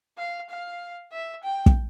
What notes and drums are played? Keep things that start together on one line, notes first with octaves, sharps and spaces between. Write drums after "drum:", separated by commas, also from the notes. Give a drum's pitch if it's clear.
F5
F5
E5
G5
drum: kick